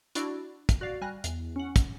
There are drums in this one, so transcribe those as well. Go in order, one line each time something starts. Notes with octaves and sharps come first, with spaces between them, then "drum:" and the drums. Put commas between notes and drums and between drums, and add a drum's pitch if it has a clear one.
D4 E4 F#4 D5, drum: hi-hat
drum: kick, hi-hat
F#4 D5 F5
G3 G#5 F6 F#6 A#6
E2, drum: hi-hat
C#4 F#5
drum: kick, hi-hat